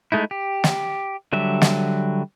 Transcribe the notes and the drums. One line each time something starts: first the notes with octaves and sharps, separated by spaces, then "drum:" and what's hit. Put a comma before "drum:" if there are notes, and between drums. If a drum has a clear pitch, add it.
G#3 A3 D#4 E4
G4
drum: snare
D3 F#3 G3 E5
drum: snare